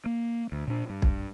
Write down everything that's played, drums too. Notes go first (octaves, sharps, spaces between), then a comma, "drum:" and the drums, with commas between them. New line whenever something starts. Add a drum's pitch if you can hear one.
A#3
D2
A#2 D4
G2
drum: kick